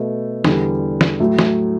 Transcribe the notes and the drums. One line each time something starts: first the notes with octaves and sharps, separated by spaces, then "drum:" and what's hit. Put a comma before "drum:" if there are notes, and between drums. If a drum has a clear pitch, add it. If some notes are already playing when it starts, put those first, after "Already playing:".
Already playing: B2 A3
E2 D3 G3, drum: snare
drum: snare
A2 F#3 A3
drum: snare